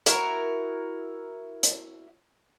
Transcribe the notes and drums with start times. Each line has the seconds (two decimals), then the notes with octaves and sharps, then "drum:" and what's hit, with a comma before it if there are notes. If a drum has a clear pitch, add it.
0.06 E4 F#4 A#4 E5, drum: hi-hat
1.63 drum: hi-hat